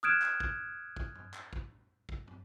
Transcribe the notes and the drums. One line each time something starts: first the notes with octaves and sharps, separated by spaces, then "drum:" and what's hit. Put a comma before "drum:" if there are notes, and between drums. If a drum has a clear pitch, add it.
D#6 F6 F#6 G#6 D7 E7, drum: tom
drum: clap
drum: kick
drum: kick
drum: tom
drum: clap
drum: kick
drum: kick
drum: tom